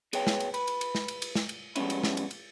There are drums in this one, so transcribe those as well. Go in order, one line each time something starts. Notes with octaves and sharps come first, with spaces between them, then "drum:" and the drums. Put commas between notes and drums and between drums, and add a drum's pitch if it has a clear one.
B2 G#4 B4 C#5 G5, drum: cymbal
drum: snare
drum: cymbal
B4, drum: cymbal
drum: cymbal
drum: cymbal
drum: snare
drum: cymbal
drum: cymbal
drum: snare
drum: cymbal
F3 G3 G#3 B3 C#4 E4, drum: cymbal
drum: cymbal
drum: snare
drum: cymbal
drum: cymbal